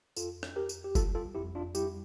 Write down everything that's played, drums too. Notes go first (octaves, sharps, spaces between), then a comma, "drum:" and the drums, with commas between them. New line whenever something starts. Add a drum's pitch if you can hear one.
F2 F4 A4, drum: tambourine
drum: rim click
F2 G4 A#4
drum: tambourine
G4
G3 F4 A4, drum: kick, tambourine
F4 A4
F2 E4 G4
D4 F4
G3 E4 G4, drum: tambourine